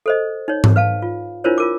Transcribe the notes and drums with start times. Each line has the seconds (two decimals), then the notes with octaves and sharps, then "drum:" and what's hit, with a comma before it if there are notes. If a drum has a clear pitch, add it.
0.06 A4 C5 D#5
0.48 D#4 C#5
0.64 drum: tom G#2
0.76 B4 F5 A5
1.02 F4
1.44 D4 E4 F4 A#4 C5 C#5
1.58 F4 A#4 D6